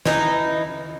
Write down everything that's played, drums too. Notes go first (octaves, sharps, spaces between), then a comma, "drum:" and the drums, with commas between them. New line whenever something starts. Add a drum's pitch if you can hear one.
E3 D#4, drum: snare